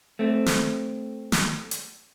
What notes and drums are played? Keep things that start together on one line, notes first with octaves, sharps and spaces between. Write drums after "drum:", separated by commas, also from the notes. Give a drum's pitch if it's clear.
A3 C4
drum: snare
drum: snare
drum: hi-hat